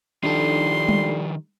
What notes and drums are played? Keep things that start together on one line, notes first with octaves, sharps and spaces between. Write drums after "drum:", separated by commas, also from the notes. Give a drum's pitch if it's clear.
D#3 F3 G3 D4 D#4 A4 C6
drum: tom G3